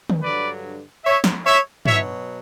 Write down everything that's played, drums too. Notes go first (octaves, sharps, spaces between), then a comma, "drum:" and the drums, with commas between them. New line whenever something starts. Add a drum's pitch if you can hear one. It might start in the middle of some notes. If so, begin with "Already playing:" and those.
drum: tom
G2 D3 F#3 B4 D5
C#5 E5
drum: snare
C#5 E5
B2 F#3 C#5 E5, drum: tom